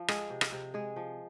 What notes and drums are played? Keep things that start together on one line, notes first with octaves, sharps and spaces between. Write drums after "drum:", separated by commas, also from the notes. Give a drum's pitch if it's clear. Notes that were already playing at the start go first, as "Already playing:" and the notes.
Already playing: F3 F4
G#3 G#4, drum: rim click
C3
drum: rim click
C3
G#3 G#4
F3